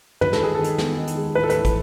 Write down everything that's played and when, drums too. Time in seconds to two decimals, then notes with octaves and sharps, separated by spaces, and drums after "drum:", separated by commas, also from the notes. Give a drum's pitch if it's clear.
0.21 D#3 B4, drum: tom
0.33 A4, drum: snare
0.41 G#3 G#4
0.55 D#3 A4
0.64 drum: hi-hat
0.78 B3, drum: snare
0.97 D#3
1.07 drum: hi-hat
1.17 G#3
1.35 A2 B4
1.44 A4
1.50 B4, drum: hi-hat
1.55 E3
1.65 drum: kick, hi-hat